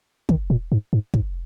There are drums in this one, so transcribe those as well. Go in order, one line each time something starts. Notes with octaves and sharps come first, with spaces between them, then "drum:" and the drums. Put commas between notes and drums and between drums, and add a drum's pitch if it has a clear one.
D#3, drum: kick
A#2
G#2
G#2
G#2, drum: kick